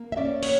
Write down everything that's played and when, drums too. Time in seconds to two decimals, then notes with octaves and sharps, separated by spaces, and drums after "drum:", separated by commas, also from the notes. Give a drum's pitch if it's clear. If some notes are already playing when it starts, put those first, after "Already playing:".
Already playing: A#3
0.12 E5
0.17 C#4 D5
0.43 C#5, drum: open hi-hat